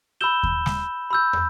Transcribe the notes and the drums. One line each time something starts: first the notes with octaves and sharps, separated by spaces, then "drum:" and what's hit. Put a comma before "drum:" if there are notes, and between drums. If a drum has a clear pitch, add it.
B5 E6 G6 E7 G7
drum: kick D#2
drum: snare
B5 E6 G6
drum: tom